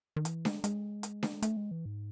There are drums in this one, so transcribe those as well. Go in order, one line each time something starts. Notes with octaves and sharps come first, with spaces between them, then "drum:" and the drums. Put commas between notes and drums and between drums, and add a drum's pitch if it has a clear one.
D#3
E3, drum: hi-hat
G#3, drum: snare D4
G#3, drum: hi-hat
drum: hi-hat
drum: snare D4
A3, drum: hi-hat
G#3
E3
G#2